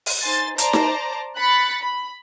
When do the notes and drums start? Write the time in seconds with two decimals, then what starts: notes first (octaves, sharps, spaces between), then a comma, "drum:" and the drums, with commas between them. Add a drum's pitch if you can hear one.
0.06 drum: open hi-hat
0.22 D#4 C5 G#5 C6 A6
0.58 C5 D5 A5 A#5 D6, drum: hi-hat
0.73 drum: snare D#4
1.37 B5 F#6 A6 B6 C#7
1.83 B5